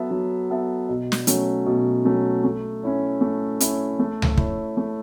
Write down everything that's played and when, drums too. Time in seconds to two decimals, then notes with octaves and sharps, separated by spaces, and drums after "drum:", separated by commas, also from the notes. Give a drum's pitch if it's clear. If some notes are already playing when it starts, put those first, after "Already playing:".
Already playing: F#3 B3 A4 E5
0.11 F#3
0.50 B3 A4 E5
0.89 B2
1.12 drum: snare
1.27 F#3 A3 C#4, drum: hi-hat
1.66 B2
2.05 F#3 A3 C#4
2.44 A3
2.83 C#4 E4 C#5
3.21 A3
3.60 C#4 E4 C#5, drum: hi-hat
3.99 A3
4.22 drum: tom C#2
4.38 E4 C#5, drum: kick
4.77 A3